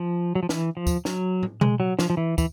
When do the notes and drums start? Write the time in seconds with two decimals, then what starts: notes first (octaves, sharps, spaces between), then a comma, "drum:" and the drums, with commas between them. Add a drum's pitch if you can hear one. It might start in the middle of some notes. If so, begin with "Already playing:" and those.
Already playing: F3
0.35 F#3
0.43 F3
0.49 E3, drum: snare
0.77 F3
0.87 drum: kick, tambourine
1.05 F#3, drum: snare
1.43 drum: tom
1.61 G#3, drum: tom B2
1.80 F#3
1.99 F3, drum: snare
2.10 F3
2.17 E3
2.38 E3, drum: kick, tambourine